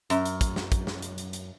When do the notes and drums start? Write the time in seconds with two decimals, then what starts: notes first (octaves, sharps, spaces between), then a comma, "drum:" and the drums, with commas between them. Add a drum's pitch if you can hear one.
0.10 F#2, drum: hi-hat
0.25 drum: hi-hat
0.41 drum: kick, hi-hat
0.56 drum: snare
0.72 drum: kick, hi-hat
0.87 drum: snare
1.02 drum: hi-hat
1.18 drum: hi-hat
1.33 drum: hi-hat